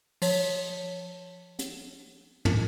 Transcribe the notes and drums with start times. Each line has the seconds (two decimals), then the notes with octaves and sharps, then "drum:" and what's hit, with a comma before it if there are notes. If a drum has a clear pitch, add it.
0.22 F3 C#5 B6, drum: open hi-hat
1.59 drum: hi-hat
2.45 drum: tom